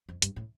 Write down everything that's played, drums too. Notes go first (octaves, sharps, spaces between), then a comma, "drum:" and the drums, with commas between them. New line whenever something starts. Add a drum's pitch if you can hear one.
F2
G2, drum: hi-hat
A2